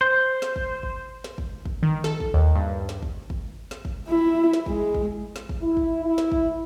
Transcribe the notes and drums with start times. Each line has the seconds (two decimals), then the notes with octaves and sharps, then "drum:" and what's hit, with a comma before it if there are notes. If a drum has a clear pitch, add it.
0.01 C5
0.42 drum: snare
0.56 drum: kick
0.83 drum: kick
1.24 drum: snare
1.38 drum: kick
1.65 drum: kick
1.83 D#3
2.04 A4, drum: snare
2.20 drum: kick
2.34 D#2
2.55 G2
2.89 drum: snare
3.03 drum: kick
3.30 drum: kick
3.71 drum: snare
3.85 drum: kick
4.08 E4
4.53 drum: snare
4.66 G#3, drum: kick
4.95 drum: kick
5.36 drum: snare
5.49 drum: kick
5.62 E4
5.77 drum: kick
6.04 E4
6.18 drum: snare
6.32 drum: kick